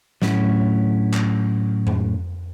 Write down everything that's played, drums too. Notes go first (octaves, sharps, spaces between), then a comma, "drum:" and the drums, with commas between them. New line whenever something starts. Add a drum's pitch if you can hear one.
A2 F#3 A3 C#4 E4, drum: snare
drum: clap
drum: tom F2